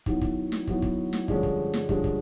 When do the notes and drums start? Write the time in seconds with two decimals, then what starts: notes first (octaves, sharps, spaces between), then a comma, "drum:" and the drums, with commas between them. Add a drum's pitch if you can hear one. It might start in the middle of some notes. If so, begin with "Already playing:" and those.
0.06 D#3 F#3 B3 E4, drum: kick
0.21 drum: kick
0.52 drum: snare
0.67 D#3 F#3 B3 E4, drum: kick
0.82 drum: kick
1.13 drum: snare
1.28 G2 D3 F3 G#3 C#4, drum: kick
1.43 drum: kick
1.74 drum: snare
1.89 G2 D3 F3 G#3 C#4, drum: kick
2.04 drum: kick